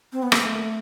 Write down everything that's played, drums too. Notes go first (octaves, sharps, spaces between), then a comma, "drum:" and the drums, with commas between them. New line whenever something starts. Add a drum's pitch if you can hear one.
C4
B3
A#3, drum: rim click
A3